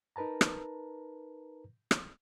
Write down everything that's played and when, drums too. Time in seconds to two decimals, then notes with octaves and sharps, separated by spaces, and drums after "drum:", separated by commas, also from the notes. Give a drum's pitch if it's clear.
0.16 D#4 A#4 B4 A5 A#5
0.41 drum: rim click
1.91 drum: rim click